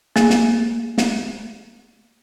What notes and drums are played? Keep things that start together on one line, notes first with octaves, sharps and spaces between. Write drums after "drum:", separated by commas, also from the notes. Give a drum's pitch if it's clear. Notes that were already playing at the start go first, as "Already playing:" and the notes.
A#3 G#4, drum: snare
drum: snare
drum: snare